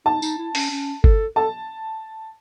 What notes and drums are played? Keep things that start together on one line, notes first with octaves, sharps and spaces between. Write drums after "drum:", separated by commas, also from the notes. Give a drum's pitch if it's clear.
D#4 A5
D#4, drum: tambourine
E4
C#4, drum: open hi-hat
C#4
A4, drum: kick G1
A4 A5